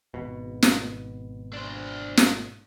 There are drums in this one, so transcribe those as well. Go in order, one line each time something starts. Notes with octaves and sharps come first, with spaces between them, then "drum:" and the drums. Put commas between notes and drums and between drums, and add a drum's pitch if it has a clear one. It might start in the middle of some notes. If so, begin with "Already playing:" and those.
G#1 B2
drum: snare
D4 C5
drum: snare